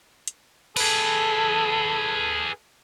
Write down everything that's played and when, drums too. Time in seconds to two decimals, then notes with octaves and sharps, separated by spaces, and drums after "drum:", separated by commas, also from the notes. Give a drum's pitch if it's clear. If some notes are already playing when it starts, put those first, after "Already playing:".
0.27 drum: hi-hat
0.77 G#4 A4 B4, drum: cymbal